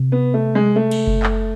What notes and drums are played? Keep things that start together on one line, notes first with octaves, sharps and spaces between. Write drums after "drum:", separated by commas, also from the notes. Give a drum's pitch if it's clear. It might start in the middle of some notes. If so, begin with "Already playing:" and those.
Already playing: C3
B3
A3
G#3
A3
drum: cymbal
drum: kick F#1
drum: clap